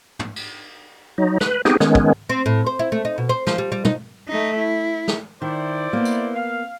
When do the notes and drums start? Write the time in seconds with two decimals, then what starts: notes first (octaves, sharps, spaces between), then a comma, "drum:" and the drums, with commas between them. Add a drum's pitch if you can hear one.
0.19 drum: tom
0.36 drum: cymbal
1.18 F#3 D#4
1.41 B4, drum: snare
1.65 B3 C4 D#4 G4 G#4, drum: snare
1.80 D#3 G#3 B3 C#4, drum: snare
1.95 drum: kick
2.29 C4
2.46 A2
2.66 C5
2.79 E4
2.92 A3
3.05 D#4
3.18 B2
3.29 C5
3.47 F3, drum: snare
3.58 G3
3.72 G3
3.85 D#4, drum: tom
4.28 A3 D#4
4.57 E4
5.08 drum: snare
5.42 D#3 E4 C5 D5
5.93 A#3 B3
6.05 drum: tambourine
6.35 F5